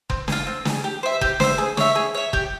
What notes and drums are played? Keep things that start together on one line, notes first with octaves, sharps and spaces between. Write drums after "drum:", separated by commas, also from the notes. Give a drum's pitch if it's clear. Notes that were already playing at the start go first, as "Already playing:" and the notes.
C4, drum: kick F#1
G#4, drum: snare
F4
C4
F4, drum: snare
G#4
G4
C5 E5
G4, drum: kick F#1
C5 E5, drum: snare
G#4
C#5 E5, drum: snare
G#4
C#5 E5
G4, drum: kick F#1